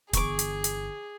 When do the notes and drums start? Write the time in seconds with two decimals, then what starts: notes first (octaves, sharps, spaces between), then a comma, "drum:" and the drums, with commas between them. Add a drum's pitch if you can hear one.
0.13 G1 E3 G#4 C#6 D6, drum: kick, hi-hat
0.39 drum: hi-hat
0.64 drum: hi-hat